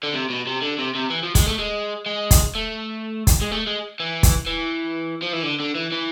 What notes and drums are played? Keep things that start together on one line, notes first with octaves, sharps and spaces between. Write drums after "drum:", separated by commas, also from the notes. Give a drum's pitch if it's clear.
D3
C3
B2
C3
D3
C3
C3
E3
F3
G#3, drum: kick, hi-hat
A3
G#3
G#3
drum: kick, hi-hat
A3
drum: kick, hi-hat
G#3
A3
G#3
E3
drum: kick, hi-hat
E3
F3
E3
D3
D3
E3
E3